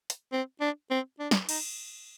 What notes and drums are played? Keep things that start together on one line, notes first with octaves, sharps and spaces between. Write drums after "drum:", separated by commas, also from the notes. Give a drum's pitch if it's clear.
drum: hi-hat
C4
D4
C4
D4
drum: snare
D#4, drum: cymbal